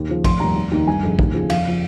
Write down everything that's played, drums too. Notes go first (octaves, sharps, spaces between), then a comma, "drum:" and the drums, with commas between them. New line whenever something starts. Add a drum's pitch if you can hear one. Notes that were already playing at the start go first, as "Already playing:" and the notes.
Already playing: D#2
C#3 F3
F1 C6, drum: kick, cymbal
D#2 D#3 G3 A#5
F1
D#2 D#3
G1 G#5
F2 C#3
D#2, drum: kick
C#3 F3
F2 F5, drum: cymbal
C#3 F3